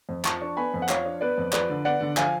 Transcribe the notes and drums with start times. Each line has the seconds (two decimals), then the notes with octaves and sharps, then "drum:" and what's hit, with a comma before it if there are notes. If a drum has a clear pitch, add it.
0.09 F2
0.25 F3 A5 C#6, drum: clap
0.42 D4
0.57 B3 G#5 B5
0.74 F2
0.82 F#5
0.89 F3 C#5 F5, drum: clap
1.05 D4
1.21 B3 B4 D5
1.38 F2
1.53 F3 B4 D5, drum: clap
1.70 D3
1.85 B3 D5 F#5
2.01 D3
2.17 F3 F5 G#5, drum: clap